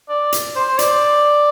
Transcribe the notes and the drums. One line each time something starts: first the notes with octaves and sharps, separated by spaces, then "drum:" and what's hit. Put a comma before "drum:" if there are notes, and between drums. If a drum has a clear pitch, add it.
D5
drum: hi-hat
C5
D5, drum: hi-hat